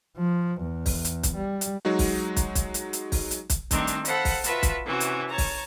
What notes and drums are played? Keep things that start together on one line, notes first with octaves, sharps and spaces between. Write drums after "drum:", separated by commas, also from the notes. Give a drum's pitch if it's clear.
F3
E2
drum: kick, open hi-hat
drum: hi-hat
drum: kick, hi-hat
G3
drum: hi-hat
F#3 G#3 D#4 F#4
drum: kick, open hi-hat
drum: kick, hi-hat
drum: kick, hi-hat
drum: hi-hat
drum: hi-hat
drum: kick, open hi-hat
drum: hi-hat
drum: kick, hi-hat
D#3 G3 A3 C4 D4 D#4, drum: kick, hi-hat
drum: hi-hat
A4 C5 F5 F#5 B5, drum: hi-hat
drum: kick, open hi-hat
F4 F#4 B4 E5 A5 B5, drum: hi-hat
drum: kick, hi-hat
C3 E3 C#4 F#4
drum: hi-hat
C#5 A5 A#5
drum: kick, open hi-hat